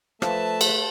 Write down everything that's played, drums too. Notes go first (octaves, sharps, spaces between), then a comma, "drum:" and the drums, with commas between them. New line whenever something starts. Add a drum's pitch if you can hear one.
F3 A3 B4 E5 A5, drum: rim click
drum: cymbal